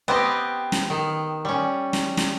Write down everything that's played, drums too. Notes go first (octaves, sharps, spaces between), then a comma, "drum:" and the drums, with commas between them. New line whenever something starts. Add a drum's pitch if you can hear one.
B3 C4 G4 D#5
drum: snare
D#3
G3 C#4
drum: snare
drum: snare